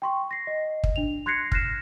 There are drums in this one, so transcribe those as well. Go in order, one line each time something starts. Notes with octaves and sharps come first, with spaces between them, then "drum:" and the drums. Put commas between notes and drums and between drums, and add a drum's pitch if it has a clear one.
G5 C6 C#6
A#6 C7
D#5
drum: kick
D4 F7
C6 F#6 G#6 A#6 C7 C#7
F6 F#6 A#6 C7 E7, drum: kick